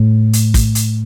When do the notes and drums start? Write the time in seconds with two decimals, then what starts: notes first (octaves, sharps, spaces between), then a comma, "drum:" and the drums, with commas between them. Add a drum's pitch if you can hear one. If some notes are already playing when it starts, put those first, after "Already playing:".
Already playing: A2
0.33 drum: hi-hat
0.54 drum: kick, hi-hat
0.75 drum: hi-hat